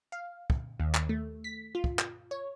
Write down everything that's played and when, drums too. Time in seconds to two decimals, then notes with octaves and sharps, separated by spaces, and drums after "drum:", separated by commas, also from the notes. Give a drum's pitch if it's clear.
0.12 F5
0.50 drum: kick
0.80 D#2
0.94 drum: clap
1.09 A3
1.44 B6
1.75 F4
1.84 drum: kick
1.99 drum: clap
2.31 C#5